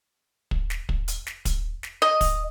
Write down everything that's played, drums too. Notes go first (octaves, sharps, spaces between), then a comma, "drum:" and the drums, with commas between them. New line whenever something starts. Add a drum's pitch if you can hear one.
drum: kick
drum: snare
drum: kick
drum: hi-hat
drum: snare
drum: kick, hi-hat
drum: snare
D#5
drum: kick, open hi-hat